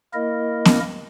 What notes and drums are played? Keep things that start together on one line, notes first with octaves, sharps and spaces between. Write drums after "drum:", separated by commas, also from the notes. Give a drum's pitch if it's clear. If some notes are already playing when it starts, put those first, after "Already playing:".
A#3 E4 A#4 D#5
drum: snare B3